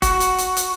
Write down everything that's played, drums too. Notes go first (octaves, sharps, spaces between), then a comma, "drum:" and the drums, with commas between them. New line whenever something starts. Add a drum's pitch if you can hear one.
F#4, drum: kick, hi-hat
drum: hi-hat
drum: hi-hat
drum: hi-hat